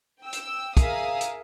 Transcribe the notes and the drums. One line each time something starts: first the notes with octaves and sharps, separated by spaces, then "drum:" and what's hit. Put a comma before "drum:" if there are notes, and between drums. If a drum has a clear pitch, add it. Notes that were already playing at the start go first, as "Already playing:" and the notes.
G5 E6
drum: hi-hat
G#4 A#4 E5 F5 D#6, drum: kick, hi-hat
drum: hi-hat